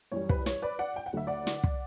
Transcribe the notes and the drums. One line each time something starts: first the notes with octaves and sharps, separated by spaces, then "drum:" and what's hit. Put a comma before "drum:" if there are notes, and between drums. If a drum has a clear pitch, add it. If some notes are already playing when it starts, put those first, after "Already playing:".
F#2 E3 G3 C#5
B4, drum: kick
C#5, drum: snare
B4 D5
D5 F#5
G5
F#5
D2 D3 F#3 A3 E5
D5 F#5
drum: snare
drum: kick